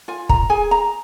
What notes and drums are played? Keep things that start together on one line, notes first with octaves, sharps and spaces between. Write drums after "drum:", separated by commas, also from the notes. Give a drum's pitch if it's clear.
F4 G#5
A#5, drum: kick
G#4 G#5
A#5